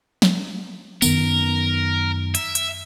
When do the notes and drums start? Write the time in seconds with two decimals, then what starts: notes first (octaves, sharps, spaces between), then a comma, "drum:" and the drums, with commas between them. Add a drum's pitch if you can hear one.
0.22 drum: snare
1.02 F#2 D#3 B3 A#4, drum: tambourine
2.35 E5, drum: hi-hat
2.55 drum: hi-hat